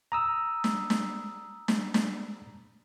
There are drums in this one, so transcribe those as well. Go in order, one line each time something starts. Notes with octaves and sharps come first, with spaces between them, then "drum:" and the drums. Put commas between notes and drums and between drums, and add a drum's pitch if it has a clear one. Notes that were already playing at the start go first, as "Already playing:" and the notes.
A#5 D#6 E6
drum: snare
drum: snare
drum: snare
drum: snare